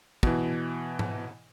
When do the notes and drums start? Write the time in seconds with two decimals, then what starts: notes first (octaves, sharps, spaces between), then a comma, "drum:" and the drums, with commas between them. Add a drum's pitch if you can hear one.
0.23 B2 E3, drum: kick
0.99 drum: tom G#2